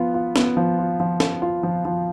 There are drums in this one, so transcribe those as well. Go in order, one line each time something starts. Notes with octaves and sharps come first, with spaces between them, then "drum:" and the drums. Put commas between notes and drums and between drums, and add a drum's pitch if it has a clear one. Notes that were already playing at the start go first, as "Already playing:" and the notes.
Already playing: F3 B3 F4
F4
B3, drum: snare
F3
F4
F3
F3, drum: snare
F4
F3
F3